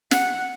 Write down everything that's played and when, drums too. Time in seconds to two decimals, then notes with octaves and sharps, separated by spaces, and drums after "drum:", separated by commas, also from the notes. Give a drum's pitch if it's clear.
0.11 F#5, drum: snare